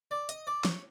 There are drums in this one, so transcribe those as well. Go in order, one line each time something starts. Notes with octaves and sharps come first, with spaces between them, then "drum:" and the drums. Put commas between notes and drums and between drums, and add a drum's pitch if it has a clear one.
D5
D#5, drum: hi-hat
D5
C#5, drum: snare